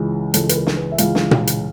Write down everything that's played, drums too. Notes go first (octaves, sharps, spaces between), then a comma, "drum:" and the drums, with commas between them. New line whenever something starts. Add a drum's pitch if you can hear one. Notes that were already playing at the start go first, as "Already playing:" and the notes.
Already playing: C#2 C#3 E3 G#3
C#2 C#3 E3 G#3 A4, drum: hi-hat
B4, drum: hi-hat
A#4
drum: snare
B4
E5
C#2 C#3 E3 G#3 F5, drum: hi-hat
drum: snare
drum: tom A#2
drum: hi-hat